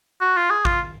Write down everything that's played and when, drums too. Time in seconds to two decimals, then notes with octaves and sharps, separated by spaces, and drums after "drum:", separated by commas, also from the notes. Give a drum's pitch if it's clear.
0.21 F#4
0.36 F4
0.50 G#4
0.65 F4, drum: kick A1